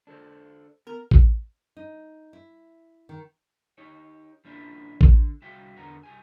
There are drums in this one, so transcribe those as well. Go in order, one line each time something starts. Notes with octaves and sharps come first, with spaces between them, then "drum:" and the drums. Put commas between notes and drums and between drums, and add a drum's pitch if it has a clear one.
D4 A4 C5
B3 A#4
drum: kick A1
D#4
E4
D#3
D#4 G4 C#5
F3 A#3 C#4 D4 E4
D3, drum: kick A1
C2 F#4 E5 F5 G5
E2 D3 B3 A#4 F#5 A#5
C2 G4 G#5